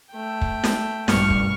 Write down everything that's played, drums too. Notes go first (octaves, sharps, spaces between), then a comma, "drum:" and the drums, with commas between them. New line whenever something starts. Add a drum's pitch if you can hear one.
A3 G5
drum: kick
drum: snare
A1 G2 B2 G3 C#6 F6, drum: snare
drum: kick